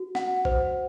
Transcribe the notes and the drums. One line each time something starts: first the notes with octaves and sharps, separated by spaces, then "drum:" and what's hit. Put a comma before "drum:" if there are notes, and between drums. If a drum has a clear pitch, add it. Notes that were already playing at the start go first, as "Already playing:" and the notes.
Already playing: F#4
F#5, drum: snare
C5, drum: kick A#1